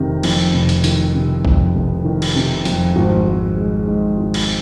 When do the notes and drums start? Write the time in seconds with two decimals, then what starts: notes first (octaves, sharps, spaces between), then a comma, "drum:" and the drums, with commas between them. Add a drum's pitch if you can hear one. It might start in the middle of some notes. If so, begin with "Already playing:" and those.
Already playing: F1 C3 D#3
0.23 F2, drum: cymbal
0.54 F1
0.69 drum: hi-hat
0.84 D#3, drum: hi-hat
1.14 C3
1.45 F2, drum: kick A#1
1.75 F1
2.05 D#3
2.22 drum: cymbal
2.35 C3
2.65 F2, drum: hi-hat
2.96 G#1
3.27 G#1
3.57 G#3
3.87 G#2
4.17 G#1
4.34 drum: cymbal